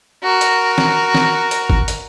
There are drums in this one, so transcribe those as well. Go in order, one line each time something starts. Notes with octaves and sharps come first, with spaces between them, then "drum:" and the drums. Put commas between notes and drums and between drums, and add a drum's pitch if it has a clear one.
F#4 A#4
drum: hi-hat
drum: snare
drum: snare
drum: hi-hat
drum: kick G1
drum: hi-hat